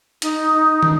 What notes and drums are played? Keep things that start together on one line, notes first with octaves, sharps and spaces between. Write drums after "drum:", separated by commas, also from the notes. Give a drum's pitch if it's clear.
D#4, drum: hi-hat
drum: tom